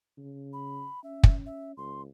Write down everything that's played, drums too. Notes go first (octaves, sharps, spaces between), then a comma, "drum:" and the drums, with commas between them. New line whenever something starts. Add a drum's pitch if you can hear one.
C#3
B5
C#4 E5
drum: kick
E5
C#2 C6